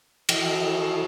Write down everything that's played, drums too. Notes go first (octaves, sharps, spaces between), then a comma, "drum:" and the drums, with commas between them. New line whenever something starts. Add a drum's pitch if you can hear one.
E3 A4 D#5 E5, drum: cymbal